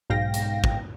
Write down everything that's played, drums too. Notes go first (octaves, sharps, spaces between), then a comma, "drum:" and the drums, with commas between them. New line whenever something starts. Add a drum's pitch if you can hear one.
B1 G#2 F5 G5 A#6
drum: hi-hat
drum: kick